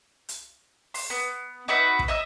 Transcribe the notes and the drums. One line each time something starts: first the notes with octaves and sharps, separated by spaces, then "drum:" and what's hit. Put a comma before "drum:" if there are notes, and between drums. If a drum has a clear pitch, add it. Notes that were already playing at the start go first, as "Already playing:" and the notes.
drum: hi-hat
C6, drum: open hi-hat
B3
D#4 F#4 B4 E5
drum: kick
D#5 E5 E6